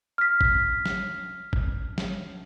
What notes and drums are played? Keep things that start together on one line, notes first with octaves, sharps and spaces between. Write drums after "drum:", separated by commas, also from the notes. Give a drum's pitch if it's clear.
F6 B6
drum: kick G#1
drum: snare
drum: kick G#1
drum: snare